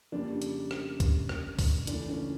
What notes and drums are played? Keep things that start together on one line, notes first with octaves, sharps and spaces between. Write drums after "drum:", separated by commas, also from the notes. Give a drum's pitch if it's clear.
F2 C#3 G3 A#3 D4
drum: hi-hat
drum: rim click
drum: kick C2, hi-hat
drum: rim click
drum: kick C2, open hi-hat
C#2 C#3 E3 A3 D4, drum: hi-hat
C#4